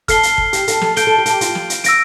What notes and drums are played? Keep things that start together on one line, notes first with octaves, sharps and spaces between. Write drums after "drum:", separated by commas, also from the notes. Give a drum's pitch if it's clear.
A4 F6 C7 G7, drum: kick, hi-hat
drum: hi-hat
drum: kick
G4, drum: hi-hat
A4, drum: hi-hat
A4, drum: snare
A4 G6 D7 G7, drum: hi-hat
A4
G4
A4, drum: hi-hat
G4
F4, drum: hi-hat
drum: snare
drum: hi-hat
E6 A#6 D7, drum: hi-hat